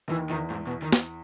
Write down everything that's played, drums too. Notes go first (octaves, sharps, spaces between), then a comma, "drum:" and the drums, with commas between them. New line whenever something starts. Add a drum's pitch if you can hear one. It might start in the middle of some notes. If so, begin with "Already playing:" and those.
D#2 D#3 E3
E2 D#3 E3
G#2
B2
D#3
drum: snare